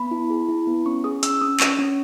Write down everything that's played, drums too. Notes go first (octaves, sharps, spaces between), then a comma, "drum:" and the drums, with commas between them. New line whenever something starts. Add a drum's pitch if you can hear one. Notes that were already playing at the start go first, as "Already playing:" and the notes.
Already playing: B3 B5
E4
G#4
E4
B3
C#4 C#6
G#4 D#6
C#4 E6, drum: hi-hat
C#4 D#6
C#4 C#6, drum: clap
C#4